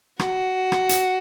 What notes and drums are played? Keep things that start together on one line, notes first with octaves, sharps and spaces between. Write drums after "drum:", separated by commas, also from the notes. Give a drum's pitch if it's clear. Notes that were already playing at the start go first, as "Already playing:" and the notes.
F#4, drum: rim click
drum: rim click
drum: hi-hat